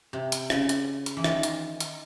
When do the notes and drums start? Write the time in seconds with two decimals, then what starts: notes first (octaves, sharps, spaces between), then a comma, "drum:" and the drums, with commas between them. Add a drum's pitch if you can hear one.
0.13 C3
0.32 drum: hi-hat
0.50 C#3, drum: rim click
0.69 drum: hi-hat
1.06 drum: hi-hat
1.17 E3
1.24 D#3, drum: rim click
1.43 drum: hi-hat
1.80 drum: hi-hat